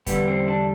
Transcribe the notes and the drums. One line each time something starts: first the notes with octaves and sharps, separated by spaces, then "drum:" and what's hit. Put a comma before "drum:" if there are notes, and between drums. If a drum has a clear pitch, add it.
E2 D3 G3 B3, drum: kick, hi-hat
C4
D4